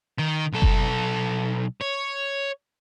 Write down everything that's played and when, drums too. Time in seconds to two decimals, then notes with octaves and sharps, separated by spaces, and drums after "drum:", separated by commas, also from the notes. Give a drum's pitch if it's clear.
0.18 D#3
0.52 B1 A4
0.62 drum: kick F#1
1.81 C#5